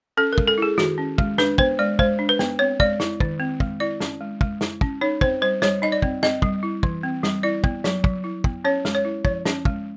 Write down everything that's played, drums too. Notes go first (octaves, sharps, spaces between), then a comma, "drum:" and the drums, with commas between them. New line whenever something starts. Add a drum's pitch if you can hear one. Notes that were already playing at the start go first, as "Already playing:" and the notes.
C#4 A4
A#4
G#3, drum: kick
A4
E4 G#4
D#3 F#4, drum: snare
C#4
G#3, drum: kick
D4 B4, drum: snare
B3 C5, drum: kick
G#3 D5
G#3 C5, drum: kick
D4
B4
B3, drum: snare
C4 C#5
G#3 D5, drum: kick
E4, drum: snare
D#3, drum: kick
C4
G#3, drum: kick
E4 D5
C#4, drum: snare
G#3
G#3, drum: kick
E4, drum: snare
C#4, drum: kick
D#4 C#5
C4 C5, drum: kick
G3 C5
G3 C#5, drum: snare
D#4 D#5
D5
C4, drum: kick
C4 D#5, drum: snare
G3, drum: kick
E4
E3, drum: kick
C4
G3, drum: snare
E4 D5
B3, drum: kick
F#3, drum: snare
F#3, drum: kick
E4
B3, drum: kick
C#4 C#5
G#3, drum: snare
C#5
E4
F3 C#5, drum: kick
C#4, drum: snare
G#3, drum: kick